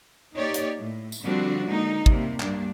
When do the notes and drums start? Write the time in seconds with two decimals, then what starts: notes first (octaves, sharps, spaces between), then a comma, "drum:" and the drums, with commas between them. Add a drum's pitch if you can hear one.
0.36 A#3 D#4 G4 C#5 D5
0.54 drum: hi-hat
0.78 A2
1.12 drum: tambourine
1.22 D3 F3 G3 C4 D4 F#4
1.66 D3 G#3 A#3 D#4
2.06 C3 G3 A#3, drum: kick
2.40 G2 G3 A#3 D4, drum: clap